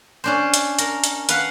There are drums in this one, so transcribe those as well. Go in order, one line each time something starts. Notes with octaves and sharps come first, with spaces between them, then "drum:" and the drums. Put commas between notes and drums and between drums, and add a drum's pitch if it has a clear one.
C#4 D4 C5
drum: hi-hat
A#4, drum: hi-hat
drum: hi-hat
B4 F5 F#5, drum: hi-hat